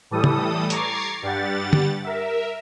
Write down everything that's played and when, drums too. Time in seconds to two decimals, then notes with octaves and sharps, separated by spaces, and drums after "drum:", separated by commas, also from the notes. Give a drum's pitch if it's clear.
0.11 A2 E3 G3 A4 D#6
0.24 drum: tom C#3
0.70 A#5 C#6 D6 G#6 A6 C7, drum: hi-hat
1.22 G2 G3 G4 F#5 A6
1.73 drum: tom D3
2.04 A#4 E5